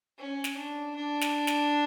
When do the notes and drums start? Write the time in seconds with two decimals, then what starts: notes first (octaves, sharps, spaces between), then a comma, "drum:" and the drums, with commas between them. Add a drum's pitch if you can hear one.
0.18 C#4
0.44 drum: snare
0.57 D4
0.96 D4
1.21 drum: snare
1.47 drum: snare